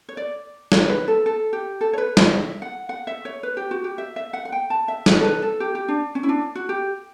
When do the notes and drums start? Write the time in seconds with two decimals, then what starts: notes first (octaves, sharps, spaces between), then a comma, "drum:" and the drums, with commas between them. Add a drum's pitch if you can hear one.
0.09 C#5
0.17 D5
0.72 C#5, drum: snare
0.89 B4
1.08 A4
1.26 A4
1.53 G4
1.81 A4
1.93 C#5
1.98 B4
2.17 C#5, drum: snare
2.34 E5
2.62 F#5
2.89 F#5
3.07 E5
3.25 C#5
3.43 B4
3.57 G4
3.71 F#4
3.84 G4
3.98 E5
4.16 E5
4.33 F#5
4.45 F#5
4.52 G5
4.70 A5
4.88 E5
5.06 C#5, drum: snare
5.21 A4
5.24 B4
5.42 A4
5.60 G4
5.75 G4
5.88 D4
6.15 C#4
6.23 E4
6.29 D4
6.55 F#4
6.69 G4